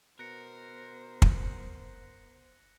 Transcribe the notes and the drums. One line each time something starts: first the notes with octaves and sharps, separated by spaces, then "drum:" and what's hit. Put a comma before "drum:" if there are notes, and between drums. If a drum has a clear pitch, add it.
B2 B3 A#4 C5 F#6 A#6 C#7
drum: kick